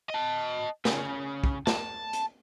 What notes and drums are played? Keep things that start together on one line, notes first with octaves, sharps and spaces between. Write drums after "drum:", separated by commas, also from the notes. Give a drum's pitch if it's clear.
D#5 A5
C#3, drum: snare
drum: kick
A5, drum: snare
drum: hi-hat